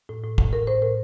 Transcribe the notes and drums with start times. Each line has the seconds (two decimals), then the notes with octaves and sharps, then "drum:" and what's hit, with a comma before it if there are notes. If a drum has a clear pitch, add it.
0.09 A2
0.23 A2
0.38 A2, drum: kick
0.53 A2 A#4
0.67 A2 C5
0.82 A2 A#4